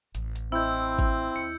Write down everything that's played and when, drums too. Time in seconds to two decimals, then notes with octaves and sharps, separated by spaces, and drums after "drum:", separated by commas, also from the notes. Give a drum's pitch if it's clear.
0.15 A1, drum: hi-hat
0.36 drum: hi-hat
0.52 C4 E4 D#5 E6 G6
0.99 drum: kick G#1, hi-hat
1.36 D#2 C#7